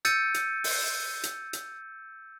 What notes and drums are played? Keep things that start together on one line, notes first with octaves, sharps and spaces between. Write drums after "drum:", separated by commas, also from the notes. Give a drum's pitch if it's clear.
E6 G6 A6 C#7 D#7, drum: hi-hat
drum: hi-hat
drum: open hi-hat
drum: hi-hat
drum: hi-hat